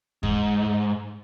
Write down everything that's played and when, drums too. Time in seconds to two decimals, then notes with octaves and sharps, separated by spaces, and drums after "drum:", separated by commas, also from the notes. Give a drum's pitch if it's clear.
0.23 G#2, drum: kick D#2